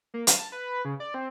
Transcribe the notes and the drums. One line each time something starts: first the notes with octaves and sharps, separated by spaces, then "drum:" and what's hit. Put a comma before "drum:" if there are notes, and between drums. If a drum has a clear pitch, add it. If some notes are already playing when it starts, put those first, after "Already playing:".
A#3
F5, drum: hi-hat
A5
B4
C#3
D5
C4